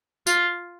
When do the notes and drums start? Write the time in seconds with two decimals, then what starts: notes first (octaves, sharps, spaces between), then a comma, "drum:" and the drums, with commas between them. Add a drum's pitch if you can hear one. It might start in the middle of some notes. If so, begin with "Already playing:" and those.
0.27 F4, drum: tambourine